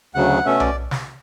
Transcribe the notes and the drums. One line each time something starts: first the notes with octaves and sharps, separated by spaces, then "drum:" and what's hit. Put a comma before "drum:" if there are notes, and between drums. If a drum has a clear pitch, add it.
D2 C#3 F#3 F#5
B2 A3 C#4 E5
D5, drum: tom B1
drum: snare